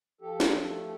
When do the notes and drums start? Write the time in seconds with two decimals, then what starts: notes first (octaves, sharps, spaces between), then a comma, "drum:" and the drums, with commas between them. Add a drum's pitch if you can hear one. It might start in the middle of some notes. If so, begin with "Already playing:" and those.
0.21 F3 G4 A4
0.40 drum: snare
0.65 A3